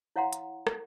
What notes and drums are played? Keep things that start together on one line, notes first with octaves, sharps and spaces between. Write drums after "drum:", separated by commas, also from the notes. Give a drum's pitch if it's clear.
E4 C#5 F5 F#5 A#5 C6
drum: hi-hat
drum: rim click